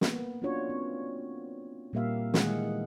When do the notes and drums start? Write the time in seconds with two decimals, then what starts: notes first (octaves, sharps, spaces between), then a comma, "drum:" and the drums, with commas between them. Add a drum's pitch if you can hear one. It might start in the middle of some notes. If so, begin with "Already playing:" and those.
0.01 A#3 B3, drum: snare
0.42 C#4 D4 F4 F#4 C#5
0.69 C4
1.93 A#2 G3 A#3 G4 E5 F5
2.34 D#3 E3 G#3 G#4 F#5, drum: snare